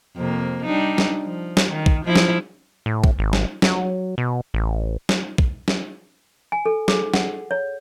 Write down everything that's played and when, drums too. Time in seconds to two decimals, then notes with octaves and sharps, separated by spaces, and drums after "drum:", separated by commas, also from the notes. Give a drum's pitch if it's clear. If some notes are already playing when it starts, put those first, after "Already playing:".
0.16 F2 C3 A#3
0.64 G3 D4 D#4
0.98 drum: snare
1.22 F3
1.57 drum: snare
1.69 D#3
1.86 drum: kick
2.05 F3 E4
2.16 drum: snare
2.86 A2
3.04 drum: kick
3.19 G#1
3.33 drum: snare
3.62 F#3, drum: snare
4.18 B2
4.54 A1
5.09 drum: snare
5.38 drum: kick
5.68 drum: snare
6.52 G#5
6.66 A4
6.88 G#4, drum: snare
7.14 F#5, drum: snare
7.51 C#5